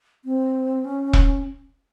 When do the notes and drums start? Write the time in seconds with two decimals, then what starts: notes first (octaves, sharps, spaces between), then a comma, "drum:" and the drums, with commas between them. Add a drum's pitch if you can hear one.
0.25 C4
0.85 C#4
1.13 drum: kick E1